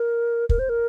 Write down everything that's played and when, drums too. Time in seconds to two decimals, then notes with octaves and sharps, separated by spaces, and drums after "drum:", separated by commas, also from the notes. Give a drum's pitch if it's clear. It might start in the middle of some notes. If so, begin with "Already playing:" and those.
Already playing: A#4
0.49 A#4, drum: kick
0.59 C5
0.69 A#4